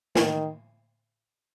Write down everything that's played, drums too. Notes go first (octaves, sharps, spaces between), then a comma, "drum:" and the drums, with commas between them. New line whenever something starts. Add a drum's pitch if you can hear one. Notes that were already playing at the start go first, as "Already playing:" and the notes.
D#3, drum: snare